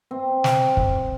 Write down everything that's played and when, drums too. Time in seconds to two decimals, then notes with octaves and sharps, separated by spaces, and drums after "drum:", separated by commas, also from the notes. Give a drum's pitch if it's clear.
0.11 C4
0.44 drum: snare
0.77 drum: kick